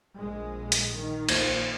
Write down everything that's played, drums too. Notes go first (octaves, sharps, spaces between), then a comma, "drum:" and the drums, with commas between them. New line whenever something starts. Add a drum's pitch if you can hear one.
A#1 G#3
drum: hi-hat
D#3
A#1 C5 G#6, drum: cymbal